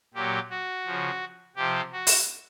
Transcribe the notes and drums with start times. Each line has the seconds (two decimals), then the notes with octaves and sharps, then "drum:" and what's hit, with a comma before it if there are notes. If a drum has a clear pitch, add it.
0.14 A#2 F#3 G4
0.50 F#4
0.86 C#3 F3
1.56 C3 F3 G4
1.92 F#4
2.07 drum: open hi-hat